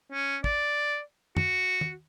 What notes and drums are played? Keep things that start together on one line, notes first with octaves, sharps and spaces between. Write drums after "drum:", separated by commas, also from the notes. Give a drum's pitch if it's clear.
C#4
D5, drum: kick
F#4, drum: tom
drum: tom